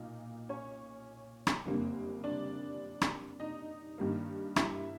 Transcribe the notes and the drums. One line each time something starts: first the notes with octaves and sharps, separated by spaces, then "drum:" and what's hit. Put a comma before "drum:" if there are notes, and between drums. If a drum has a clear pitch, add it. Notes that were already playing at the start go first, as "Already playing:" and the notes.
Already playing: B1 A#2 D#4 F5
C#4 C#5
drum: rim click
F#1 F2 D3 G3 A#3
D4 D5
drum: rim click
D#4 D#5
G2 D#3 G3 A#3
E4 E5, drum: rim click